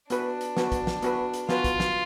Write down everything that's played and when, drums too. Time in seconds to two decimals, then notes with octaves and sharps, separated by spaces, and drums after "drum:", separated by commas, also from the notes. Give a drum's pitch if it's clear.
0.10 B3 D4 F#4 B4, drum: hi-hat
0.41 drum: hi-hat
0.57 B3 F#4 B4, drum: snare
0.72 drum: kick, hi-hat
0.87 drum: snare
1.02 B3 F#4 B4, drum: hi-hat
1.33 drum: hi-hat
1.49 B3 F4 F#4 B4, drum: snare
1.64 drum: kick, hi-hat
1.80 drum: snare